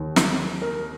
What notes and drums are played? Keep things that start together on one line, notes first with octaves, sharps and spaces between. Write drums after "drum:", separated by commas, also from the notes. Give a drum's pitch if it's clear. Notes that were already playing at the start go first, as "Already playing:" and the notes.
Already playing: D#2 D#3
drum: snare
A#4